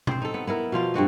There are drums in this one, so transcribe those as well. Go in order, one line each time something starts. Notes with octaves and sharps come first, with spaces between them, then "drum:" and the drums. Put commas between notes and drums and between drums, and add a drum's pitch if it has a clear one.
C4 C5, drum: tom B2
D#4 A4
B3
B3 E4 A#4
B2 F3 F4 A#4
G2 C4 F#4 D#5